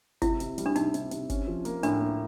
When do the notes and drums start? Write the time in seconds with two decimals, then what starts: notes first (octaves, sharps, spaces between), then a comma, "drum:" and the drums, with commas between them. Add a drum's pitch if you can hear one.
0.22 C3 E4, drum: kick F#1, hi-hat
0.40 C3, drum: hi-hat
0.58 G3, drum: hi-hat
0.66 D4
0.76 C3 D#4, drum: hi-hat
0.94 C3, drum: hi-hat
1.11 C3, drum: hi-hat
1.30 C#4, drum: kick F#1, hi-hat
1.47 F3
1.65 A#3, drum: hi-hat
1.83 A2 D4, drum: hi-hat
2.01 A#3